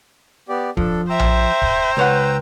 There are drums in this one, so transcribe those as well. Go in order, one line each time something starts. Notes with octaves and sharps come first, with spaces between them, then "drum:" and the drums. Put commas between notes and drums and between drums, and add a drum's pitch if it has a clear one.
B3 G4 D5
F3 D4 A4, drum: kick
C5 E5 G5 A#5 E6
drum: tom A#1
drum: kick
C#2 B4 C#5 F#5